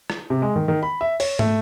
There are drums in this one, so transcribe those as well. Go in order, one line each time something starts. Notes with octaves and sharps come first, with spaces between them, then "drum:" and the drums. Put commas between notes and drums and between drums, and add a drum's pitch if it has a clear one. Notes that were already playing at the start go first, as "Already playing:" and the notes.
drum: rim click
C3
G#3
D#3
D#3
B5
E5
C#5, drum: open hi-hat
A3, drum: tom